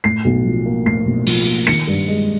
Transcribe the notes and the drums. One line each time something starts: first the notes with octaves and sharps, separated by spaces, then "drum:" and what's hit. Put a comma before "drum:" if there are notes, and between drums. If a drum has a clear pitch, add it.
A2 C7
B1
F3
A#3
A2 C7
B1
F3, drum: open hi-hat
A#3
D#3 C#7
G2
G#3